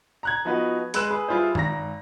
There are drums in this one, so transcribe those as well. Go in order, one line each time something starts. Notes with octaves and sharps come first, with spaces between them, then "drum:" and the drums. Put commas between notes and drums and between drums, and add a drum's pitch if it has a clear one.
A#5 F#6 G#6
F3 B3 D#4 F#4 B4
G#3 B4 E6 F#6 E7, drum: hi-hat
G#4 B4
G3 E4 F4 G#4 C5
G#1 A#5 A#6, drum: tom G2